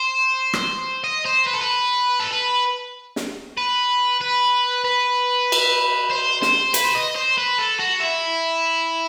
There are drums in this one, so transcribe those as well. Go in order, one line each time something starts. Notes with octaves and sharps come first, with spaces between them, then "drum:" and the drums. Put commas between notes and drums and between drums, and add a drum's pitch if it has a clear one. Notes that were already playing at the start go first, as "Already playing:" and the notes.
Already playing: C5
drum: rim click
D#5
C5
B4
A4
B4
A4
B4
drum: snare
B4
B4
B4
drum: cymbal
C5
C5, drum: snare
B4, drum: hi-hat
C5
D#5
C5
B4
A4
F#4
E4